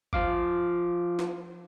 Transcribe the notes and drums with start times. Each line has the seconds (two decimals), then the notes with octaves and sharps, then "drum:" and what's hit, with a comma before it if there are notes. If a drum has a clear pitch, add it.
0.13 F3 F4 F5 D6, drum: kick
1.19 drum: snare